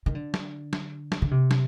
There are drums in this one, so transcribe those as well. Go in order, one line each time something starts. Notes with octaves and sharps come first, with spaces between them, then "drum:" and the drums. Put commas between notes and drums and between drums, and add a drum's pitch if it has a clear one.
D#3
D3
drum: snare
drum: snare
drum: snare
D3
C3
drum: snare